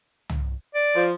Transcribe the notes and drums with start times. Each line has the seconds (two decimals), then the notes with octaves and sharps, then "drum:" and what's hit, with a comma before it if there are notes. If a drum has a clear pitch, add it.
0.29 drum: tom
0.75 D5
0.95 F3